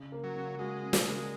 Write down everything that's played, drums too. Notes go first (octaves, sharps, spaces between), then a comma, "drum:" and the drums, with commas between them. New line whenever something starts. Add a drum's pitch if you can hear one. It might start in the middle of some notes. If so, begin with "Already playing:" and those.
Already playing: C#3
A#3
F#3
C#3
G#3 F#4
C#3
drum: snare
A#3